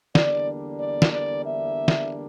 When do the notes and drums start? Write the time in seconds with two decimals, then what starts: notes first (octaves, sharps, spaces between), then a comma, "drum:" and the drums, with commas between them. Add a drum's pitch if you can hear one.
0.15 E2 D3 G3 A#3 D4 D5, drum: snare
0.80 D5
1.02 drum: snare
1.13 D5
1.45 E5
1.88 drum: snare